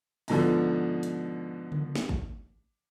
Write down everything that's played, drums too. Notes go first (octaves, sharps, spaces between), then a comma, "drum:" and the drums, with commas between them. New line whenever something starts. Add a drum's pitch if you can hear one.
G#2 B2 D3 F3, drum: open hi-hat
drum: hi-hat
drum: tom C#3
drum: snare
drum: kick